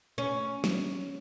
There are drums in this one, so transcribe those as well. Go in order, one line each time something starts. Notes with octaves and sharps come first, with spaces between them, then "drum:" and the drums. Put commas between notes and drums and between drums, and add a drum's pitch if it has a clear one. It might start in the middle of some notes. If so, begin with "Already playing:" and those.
C#4
drum: snare